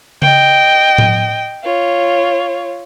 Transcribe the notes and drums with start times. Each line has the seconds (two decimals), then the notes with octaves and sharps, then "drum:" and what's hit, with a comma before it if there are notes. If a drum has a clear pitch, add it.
0.22 D#5 G5, drum: tom C#3
0.98 drum: tom A2
1.64 F4 C#5